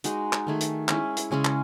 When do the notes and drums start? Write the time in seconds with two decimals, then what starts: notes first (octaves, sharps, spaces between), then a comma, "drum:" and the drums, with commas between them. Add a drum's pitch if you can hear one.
0.04 G#3 D#4 F#4, drum: hi-hat
0.33 drum: clap
0.47 D#3 A3 D#4 G#4
0.61 drum: hi-hat
0.88 G#3 C#4 E4, drum: clap
1.17 drum: hi-hat
1.31 C#3 G#3 C#4 G#4
1.45 drum: clap